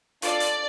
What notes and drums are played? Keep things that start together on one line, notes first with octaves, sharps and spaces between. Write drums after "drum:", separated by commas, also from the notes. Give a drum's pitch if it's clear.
D4 F4 A4 D5, drum: hi-hat
drum: hi-hat